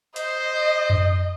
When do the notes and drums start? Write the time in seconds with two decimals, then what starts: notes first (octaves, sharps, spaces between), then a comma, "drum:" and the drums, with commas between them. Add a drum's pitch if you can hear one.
0.16 C5 D#5, drum: hi-hat
0.90 drum: tom F#2